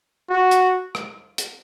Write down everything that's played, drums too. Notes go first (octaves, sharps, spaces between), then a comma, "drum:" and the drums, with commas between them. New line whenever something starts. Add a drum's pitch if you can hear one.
F#4
drum: hi-hat
drum: rim click
drum: hi-hat